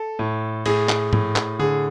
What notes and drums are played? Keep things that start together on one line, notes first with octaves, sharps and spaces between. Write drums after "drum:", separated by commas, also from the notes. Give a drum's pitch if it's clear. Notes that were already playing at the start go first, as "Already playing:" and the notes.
Already playing: A4
A2
A2 G#4, drum: cymbal
drum: clap
A2, drum: tom G#2
drum: clap
D3 G#4